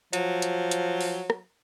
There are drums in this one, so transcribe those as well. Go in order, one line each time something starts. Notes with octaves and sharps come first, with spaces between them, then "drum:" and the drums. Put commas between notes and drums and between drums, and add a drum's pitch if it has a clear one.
F3 F#3, drum: hi-hat
drum: hi-hat
drum: hi-hat
drum: open hi-hat
drum: rim click